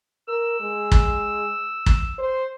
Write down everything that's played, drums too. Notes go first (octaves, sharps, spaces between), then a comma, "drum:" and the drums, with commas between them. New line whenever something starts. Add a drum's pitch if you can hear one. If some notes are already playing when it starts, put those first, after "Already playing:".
A#4 E6
G#3
drum: kick
drum: kick
C5